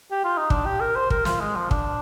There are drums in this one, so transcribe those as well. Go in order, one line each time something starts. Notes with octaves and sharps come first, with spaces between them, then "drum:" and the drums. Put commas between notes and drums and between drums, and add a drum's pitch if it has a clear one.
G4
F4
D#4
D4, drum: kick
G4
A#4
C5
A#4, drum: kick
F4, drum: snare
G#3
F3
D4, drum: kick